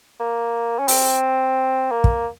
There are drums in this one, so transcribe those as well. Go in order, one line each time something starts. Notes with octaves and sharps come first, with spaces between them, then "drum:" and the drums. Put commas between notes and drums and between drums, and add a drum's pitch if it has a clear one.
A#3
C#4
C4, drum: open hi-hat
A#3
drum: kick